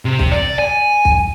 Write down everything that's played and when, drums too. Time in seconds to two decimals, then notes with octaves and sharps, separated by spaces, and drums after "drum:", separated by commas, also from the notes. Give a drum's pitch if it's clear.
0.05 C3
0.19 drum: kick
0.32 D5
0.59 G#5
1.05 drum: kick